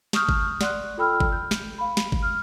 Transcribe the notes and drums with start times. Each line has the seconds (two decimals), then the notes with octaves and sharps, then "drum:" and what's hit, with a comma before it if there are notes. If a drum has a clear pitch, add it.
0.13 A5 C#6 D#6 F6 G6, drum: snare
0.29 drum: kick G1
0.61 D5 F#5 C6 F#6, drum: snare
0.97 F4 A4 G5 B5 E6 F6
1.20 drum: kick G1
1.32 G6
1.51 drum: snare
1.78 F5 B5
1.97 drum: snare
2.12 drum: kick G1
2.23 F6